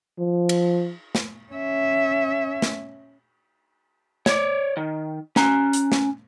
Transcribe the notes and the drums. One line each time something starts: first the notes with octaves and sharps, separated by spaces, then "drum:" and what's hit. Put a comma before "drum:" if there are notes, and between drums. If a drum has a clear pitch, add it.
F3
drum: cymbal
drum: snare
C#4 E5
drum: snare
C#5 D5, drum: snare
D#3
C#4 A#5, drum: snare
drum: hi-hat
drum: snare